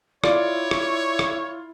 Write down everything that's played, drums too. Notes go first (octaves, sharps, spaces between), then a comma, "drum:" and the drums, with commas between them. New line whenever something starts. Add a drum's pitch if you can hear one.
E4 F4 C#5 D5, drum: rim click
drum: rim click
drum: rim click